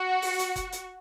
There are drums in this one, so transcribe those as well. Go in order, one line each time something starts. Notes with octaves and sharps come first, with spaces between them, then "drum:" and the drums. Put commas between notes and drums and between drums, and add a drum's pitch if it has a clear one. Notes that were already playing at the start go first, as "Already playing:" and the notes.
Already playing: F#4
drum: open hi-hat
drum: hi-hat
drum: kick F1, hi-hat
drum: hi-hat